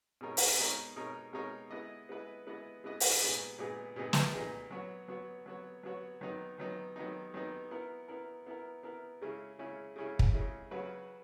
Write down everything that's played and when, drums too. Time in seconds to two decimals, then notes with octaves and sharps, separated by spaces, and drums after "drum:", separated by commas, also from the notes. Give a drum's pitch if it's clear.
0.21 B2 G#3 D#4 A#4 C#5
0.37 drum: open hi-hat
0.58 B2 G#3 D#4 A#4 C#5
0.96 B2 G#3 D#4 A#4 C#5
1.33 B2 G#3 D#4 A#4 C#5
1.71 G#3 B3 E4 B4 D#5
2.09 G#3 B3 E4 B4 D#5
2.47 G#3 B3 E4 B4 D#5
2.84 G#3 B3 E4 B4 D#5
3.00 drum: open hi-hat
3.21 A#2 G#3 B3 D#4 G#4
3.58 A#2 G#3 B3 D#4 G#4
3.96 A#2 G#3 B3 D#4 G#4
4.13 drum: snare
4.33 A#2 G#3 B3 D#4 G#4
4.71 F#3 B3 F#4 C#5
5.08 F#3 B3 F#4 C#5
5.46 F#3 B3 F#4 C#5
5.83 F#3 B3 F#4 C#5
6.21 D#3 F#3 B3 D#4
6.58 D#3 F#3 B3 D#4
6.96 D#3 F#3 B3 D#4
7.34 D#3 F#3 B3 D#4
7.71 B3 E4 A#4
8.08 B3 E4 A#4
8.46 B3 E4 A#4
8.83 B3 E4 A#4
9.22 C#3 G#3 C#4 E4
9.59 C#3 G#3 C#4 E4
9.96 C#3 G#3 C#4 E4
10.19 drum: kick
10.33 C#3 G#3 C#4 E4
10.71 C#3 F#3 C#4 F#4 B4